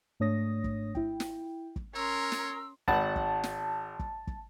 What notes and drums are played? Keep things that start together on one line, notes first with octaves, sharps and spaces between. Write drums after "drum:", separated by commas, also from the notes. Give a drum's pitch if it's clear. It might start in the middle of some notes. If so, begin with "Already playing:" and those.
G#2 A3 D4 C#5 D#6 A#6
drum: kick
E4 G5, drum: kick
drum: snare
drum: kick
C#4 A#4 C#5 C6 E6
drum: snare
G#1 F#5 A5 B5, drum: kick
drum: kick
drum: snare
drum: kick
drum: kick